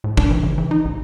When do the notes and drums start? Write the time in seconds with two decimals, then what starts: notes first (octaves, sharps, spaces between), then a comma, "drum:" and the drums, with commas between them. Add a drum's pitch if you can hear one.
0.04 A2
0.17 D4, drum: kick
0.31 E3
0.43 C#3
0.58 E3
0.71 D#4
0.85 A1